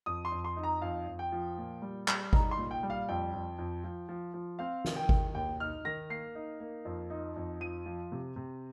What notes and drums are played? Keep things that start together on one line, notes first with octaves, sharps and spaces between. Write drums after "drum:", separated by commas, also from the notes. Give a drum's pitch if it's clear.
F2 D#6
C6
F2
C6
D#4
A#5
F2 F5
F2
G5
F3
A#2
G3
G3, drum: clap
D#4 A#5, drum: kick G#1
C6
A#2
G5
G3
F5
F2 G5
F2
F2
F3
F3
F3
C4 F5
D#3, drum: snare
G5
D#3, drum: kick G#1
D#2 G5
D#4 F6
D#3 A#6
A#3 C7
D#4
A#3
F2
D#4
F2
F3 D#7
F3
C3
C3